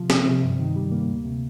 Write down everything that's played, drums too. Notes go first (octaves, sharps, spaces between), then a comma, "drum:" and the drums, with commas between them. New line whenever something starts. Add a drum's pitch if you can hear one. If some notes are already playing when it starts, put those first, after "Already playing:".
Already playing: C3 F3
C4, drum: snare
C3
G2
D#3
G3
A#3
D2
C3